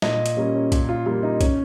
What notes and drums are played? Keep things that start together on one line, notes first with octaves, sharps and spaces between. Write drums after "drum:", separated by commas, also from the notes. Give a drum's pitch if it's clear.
A#2 D#5, drum: snare
drum: hi-hat
G3 A#3 C#4
C#4
A#2, drum: kick B1, hi-hat
F4
G3 A#3 F4
D#4
C#4, drum: kick B1, hi-hat